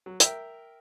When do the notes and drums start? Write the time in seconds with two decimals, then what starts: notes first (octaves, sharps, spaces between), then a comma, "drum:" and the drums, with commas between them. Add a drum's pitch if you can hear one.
0.06 F#3
0.20 A#4 E5 G5, drum: hi-hat